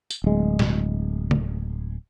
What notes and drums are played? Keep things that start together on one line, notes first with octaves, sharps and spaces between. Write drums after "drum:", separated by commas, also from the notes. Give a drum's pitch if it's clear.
drum: tambourine
D1 G#3
drum: snare
drum: tom